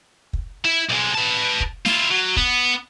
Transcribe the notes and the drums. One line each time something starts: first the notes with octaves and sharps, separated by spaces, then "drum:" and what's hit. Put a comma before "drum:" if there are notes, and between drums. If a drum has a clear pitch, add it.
drum: kick
E4
B1 G#3
B4 A5
drum: kick
E4 F4, drum: snare
F#3
B3, drum: kick